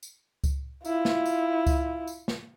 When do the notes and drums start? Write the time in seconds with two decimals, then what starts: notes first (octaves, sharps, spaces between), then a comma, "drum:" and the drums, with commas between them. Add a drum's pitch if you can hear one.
0.03 drum: tambourine
0.44 drum: kick C#2, tambourine
0.85 E4 F4, drum: tambourine
1.05 drum: snare
1.26 drum: tambourine
1.67 drum: kick C#2, tambourine
2.08 drum: tambourine
2.28 drum: snare